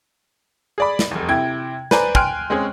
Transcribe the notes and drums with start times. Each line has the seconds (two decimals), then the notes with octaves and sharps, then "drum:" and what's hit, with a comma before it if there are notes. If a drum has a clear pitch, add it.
0.78 G#4 D5 B5
0.99 drum: snare
1.11 F1 E2
1.28 C3 E4 G5 G#6
1.91 B4 C5 D5 G#5 A#5, drum: snare
2.15 G5 G#5 C6 F6 F#6 D7, drum: kick
2.50 G#3 C4 C#4 G#4 C#5